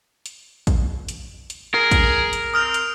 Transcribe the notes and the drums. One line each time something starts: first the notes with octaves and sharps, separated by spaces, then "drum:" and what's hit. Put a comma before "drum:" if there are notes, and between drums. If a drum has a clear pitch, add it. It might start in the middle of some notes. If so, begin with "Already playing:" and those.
drum: hi-hat
drum: kick, hi-hat
drum: hi-hat
drum: hi-hat
G#4 A#4
drum: kick, hi-hat
drum: hi-hat
C4 D#6 F6 F7
drum: hi-hat